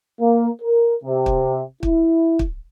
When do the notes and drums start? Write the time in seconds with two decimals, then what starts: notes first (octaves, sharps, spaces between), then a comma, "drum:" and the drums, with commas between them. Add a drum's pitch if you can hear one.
0.20 A#3
0.62 A#4
1.04 C3
1.26 drum: kick
1.83 E4, drum: kick
2.39 drum: kick